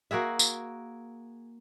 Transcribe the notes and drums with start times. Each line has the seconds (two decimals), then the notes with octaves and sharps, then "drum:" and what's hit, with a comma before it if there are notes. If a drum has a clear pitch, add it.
0.11 A#3 F#4 G#4 E5
0.39 drum: tambourine